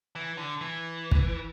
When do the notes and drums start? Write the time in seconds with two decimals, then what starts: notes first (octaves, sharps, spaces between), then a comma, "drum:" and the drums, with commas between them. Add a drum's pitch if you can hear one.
0.15 E3
0.38 D3
0.61 E3
1.12 drum: kick